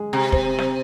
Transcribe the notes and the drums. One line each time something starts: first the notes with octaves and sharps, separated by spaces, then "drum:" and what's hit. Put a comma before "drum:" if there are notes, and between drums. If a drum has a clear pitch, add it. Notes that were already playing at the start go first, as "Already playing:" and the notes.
Already playing: G#3 G#4
C3
C4, drum: kick
drum: snare